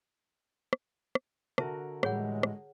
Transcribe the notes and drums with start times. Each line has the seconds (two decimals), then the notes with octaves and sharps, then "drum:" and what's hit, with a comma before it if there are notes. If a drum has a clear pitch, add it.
0.73 drum: rim click
1.15 drum: rim click
1.58 D3 F#4 A#4 E5 A5, drum: rim click
2.03 A2 E3 G3 G#3 G#4 C#5 F#5, drum: rim click
2.43 drum: rim click